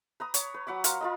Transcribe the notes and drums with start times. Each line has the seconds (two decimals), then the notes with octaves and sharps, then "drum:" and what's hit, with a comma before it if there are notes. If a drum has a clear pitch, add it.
0.20 B4 A#5 D#6
0.34 C#5, drum: hi-hat
0.54 B4
0.67 F#3 F#5 B5 D6
0.84 A#4 F5 A#5 C6, drum: hi-hat
1.01 F4 A#4 D#5